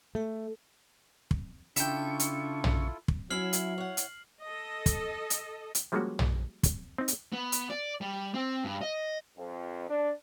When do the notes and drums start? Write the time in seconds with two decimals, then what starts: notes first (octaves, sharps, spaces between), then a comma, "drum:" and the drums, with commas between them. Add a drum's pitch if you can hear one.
0.15 A3
1.31 drum: kick
1.76 C#3 D4 E4 F4 A4 E5 G5 C#6, drum: hi-hat
2.20 drum: hi-hat
2.64 drum: tom
3.08 drum: kick
3.30 F#3 C#4 E4 E5 F6 C7 F#7
3.53 drum: hi-hat
3.78 C#5 F#5
3.97 drum: hi-hat
4.42 A4 D#5
4.86 drum: kick, hi-hat
5.30 drum: hi-hat
5.75 drum: hi-hat
5.92 F3 G3 G#3 A#3 C#4 F#4
6.19 drum: tom
6.63 drum: kick, hi-hat
6.98 C4 D#4
7.08 drum: hi-hat
7.33 B3
7.52 drum: hi-hat
7.70 D5
8.01 G3
8.34 C4
8.64 G2
8.81 D#5
9.37 F2
9.89 D4